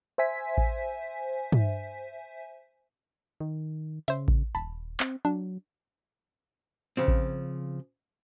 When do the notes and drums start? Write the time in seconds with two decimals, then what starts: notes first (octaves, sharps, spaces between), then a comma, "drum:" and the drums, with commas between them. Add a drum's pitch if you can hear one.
0.18 C5 E5 G#5 B6
0.57 drum: kick A1
1.52 drum: tom
3.40 D#3
4.08 C#3 C5 E5, drum: hi-hat
4.28 drum: kick A1
4.55 D#1 A5 B5
5.00 C4, drum: clap
5.25 F#3 D4
6.97 C#3 F3 C4
7.08 drum: kick A1